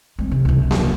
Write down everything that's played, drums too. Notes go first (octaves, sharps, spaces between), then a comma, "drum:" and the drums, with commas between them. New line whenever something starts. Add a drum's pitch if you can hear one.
G#3 C4
C3
C#2 F#2
A#1 F#3, drum: snare A#3